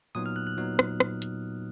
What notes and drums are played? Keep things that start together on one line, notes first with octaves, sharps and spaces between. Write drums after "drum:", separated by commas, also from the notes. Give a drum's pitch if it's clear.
A#2 F#3 B3 D#4 D#6
F6
F#6
F#6
A#2 F#3 B3 D#4
drum: rim click
drum: rim click
drum: hi-hat